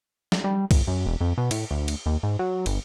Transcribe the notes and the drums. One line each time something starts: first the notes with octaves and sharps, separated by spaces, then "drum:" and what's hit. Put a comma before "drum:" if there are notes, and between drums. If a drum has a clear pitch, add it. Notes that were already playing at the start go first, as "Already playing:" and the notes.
drum: snare
G3
G1, drum: kick B1, cymbal
F#2
E1
F2
B2
A2, drum: cymbal
D2
drum: cymbal
D#2
G#2
F#3
G1, drum: cymbal